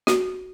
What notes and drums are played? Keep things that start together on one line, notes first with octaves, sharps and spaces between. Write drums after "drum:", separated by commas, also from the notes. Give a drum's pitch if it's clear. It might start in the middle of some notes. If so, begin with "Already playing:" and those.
F#4, drum: snare